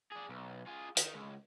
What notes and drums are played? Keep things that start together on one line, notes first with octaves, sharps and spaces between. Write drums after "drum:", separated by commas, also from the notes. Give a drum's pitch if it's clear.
D4 G#4
B1
F4 G#4
D#3, drum: hi-hat
C#2